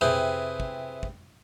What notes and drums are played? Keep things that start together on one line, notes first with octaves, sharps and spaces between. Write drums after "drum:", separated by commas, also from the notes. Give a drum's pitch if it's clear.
C3 E4 G#4 B4 G5, drum: tom F2
drum: kick
drum: kick